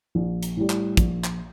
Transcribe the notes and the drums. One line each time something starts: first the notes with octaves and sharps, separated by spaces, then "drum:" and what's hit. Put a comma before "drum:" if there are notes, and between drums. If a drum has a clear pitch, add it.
A#1
drum: hi-hat
A2 G3
drum: clap
A#1, drum: kick, hi-hat
drum: clap